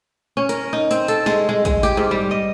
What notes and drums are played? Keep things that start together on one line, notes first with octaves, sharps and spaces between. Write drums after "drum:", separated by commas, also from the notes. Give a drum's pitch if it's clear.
C#4
A#4, drum: hi-hat
D#4
C4, drum: hi-hat
A4, drum: hi-hat
G#3, drum: snare
G#3
G#3, drum: kick, hi-hat
G4, drum: hi-hat
G#2
G3
D#5